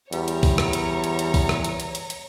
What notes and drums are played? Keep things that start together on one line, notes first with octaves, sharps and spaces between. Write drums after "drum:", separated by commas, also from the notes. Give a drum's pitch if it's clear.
E2 G3 C#5 A#5, drum: hi-hat
drum: hi-hat
drum: kick, open hi-hat
drum: rim click
drum: hi-hat
drum: hi-hat
drum: hi-hat
drum: kick, open hi-hat
drum: rim click
drum: hi-hat
drum: hi-hat
drum: hi-hat
drum: hi-hat